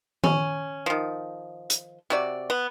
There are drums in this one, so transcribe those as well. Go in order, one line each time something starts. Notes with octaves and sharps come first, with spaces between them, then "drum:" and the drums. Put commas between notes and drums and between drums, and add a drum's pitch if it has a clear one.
C#4, drum: tom D#3
D#3 F3
drum: hi-hat
C3 F#4 D5
B3